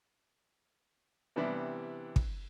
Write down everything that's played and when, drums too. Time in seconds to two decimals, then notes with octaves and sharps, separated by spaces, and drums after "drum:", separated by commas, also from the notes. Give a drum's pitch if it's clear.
1.36 C3 E3 G3 B3 D4 E4
2.16 drum: kick